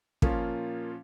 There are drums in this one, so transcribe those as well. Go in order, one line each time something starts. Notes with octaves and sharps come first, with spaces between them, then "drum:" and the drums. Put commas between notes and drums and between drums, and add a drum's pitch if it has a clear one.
A#2 F3 A#3 C#4 F4, drum: kick